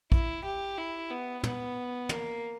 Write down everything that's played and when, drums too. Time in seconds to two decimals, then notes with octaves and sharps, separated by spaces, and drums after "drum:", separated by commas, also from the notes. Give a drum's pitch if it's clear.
0.12 E4, drum: kick
0.45 G4
0.78 E4
1.10 B3
1.43 B3, drum: tom
2.09 A#3, drum: tom